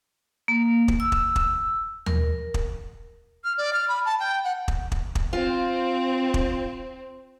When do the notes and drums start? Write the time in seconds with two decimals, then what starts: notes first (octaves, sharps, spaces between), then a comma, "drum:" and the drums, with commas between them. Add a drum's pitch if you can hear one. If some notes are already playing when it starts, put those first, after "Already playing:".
0.48 A#3
0.88 drum: kick
1.00 E6
1.12 drum: kick
1.36 drum: kick
2.06 A#4, drum: tom D#2
2.54 drum: kick
3.44 F6
3.58 D5
3.73 F6
3.88 B5
4.05 A5
4.20 G5
4.44 F#5
4.68 drum: kick
4.92 drum: kick
5.15 drum: kick
5.33 C4 F4 F5
6.34 drum: kick